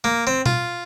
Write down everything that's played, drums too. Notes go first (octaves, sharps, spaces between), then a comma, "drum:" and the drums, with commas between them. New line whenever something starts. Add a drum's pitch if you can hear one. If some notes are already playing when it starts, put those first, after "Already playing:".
A#3
C4
F4, drum: tom B2